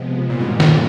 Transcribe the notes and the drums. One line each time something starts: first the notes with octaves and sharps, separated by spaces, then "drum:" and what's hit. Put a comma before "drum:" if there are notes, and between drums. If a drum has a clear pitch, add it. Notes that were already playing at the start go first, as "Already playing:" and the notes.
Already playing: C3 F3 G#3 B3
G2 A#2 D#3 G#3 C#4 F4
B2
A#2
drum: snare